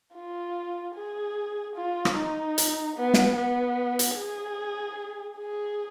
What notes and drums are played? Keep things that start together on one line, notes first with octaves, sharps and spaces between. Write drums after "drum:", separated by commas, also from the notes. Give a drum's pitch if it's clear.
F4
G#4
F4
drum: rim click
D#4
drum: hi-hat
B3
drum: snare
B3
drum: hi-hat
G#4
G#4